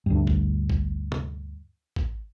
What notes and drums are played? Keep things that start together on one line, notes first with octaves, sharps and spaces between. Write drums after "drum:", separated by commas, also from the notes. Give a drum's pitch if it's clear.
D2 G2
drum: kick
drum: kick
drum: tom
drum: kick